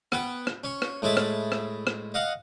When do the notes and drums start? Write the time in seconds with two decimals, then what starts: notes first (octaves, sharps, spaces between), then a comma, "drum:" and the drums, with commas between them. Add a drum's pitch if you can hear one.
0.12 B3 G5, drum: rim click
0.47 drum: rim click
0.64 C#4 C#6
0.82 drum: rim click
1.02 A2 G#3 E4 A5
1.17 drum: rim click
1.52 drum: rim click
1.87 drum: rim click
2.14 D#5 F5 F#5 D#6